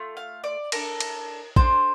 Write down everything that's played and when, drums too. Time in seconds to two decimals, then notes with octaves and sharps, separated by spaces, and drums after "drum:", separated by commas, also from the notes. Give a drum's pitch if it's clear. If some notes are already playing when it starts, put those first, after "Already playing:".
Already playing: A3 F4
0.17 F5
0.44 D5
0.72 D4 A4 A#4, drum: cymbal
1.00 drum: cymbal
1.56 D4 A4 C5, drum: kick